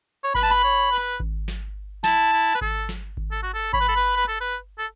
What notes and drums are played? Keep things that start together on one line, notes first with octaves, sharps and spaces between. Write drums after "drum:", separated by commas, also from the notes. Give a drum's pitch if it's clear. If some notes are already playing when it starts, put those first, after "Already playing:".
C#5
B4 B5, drum: kick G#1
A5
B5
C#5
B4
drum: kick G#1
drum: snare
E4 A5, drum: snare
E4
B4
A4, drum: kick G#1
drum: snare
drum: kick G#1
A4
F#4
A4
C#5 B5, drum: kick G#1
B4
A4
B4
B4
A4
B4
A4